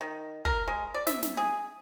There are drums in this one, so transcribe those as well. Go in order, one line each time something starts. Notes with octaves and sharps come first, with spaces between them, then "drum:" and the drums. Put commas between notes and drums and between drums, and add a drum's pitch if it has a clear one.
D#3
A#4, drum: kick
G#3
D5
E5, drum: snare
drum: snare
G#4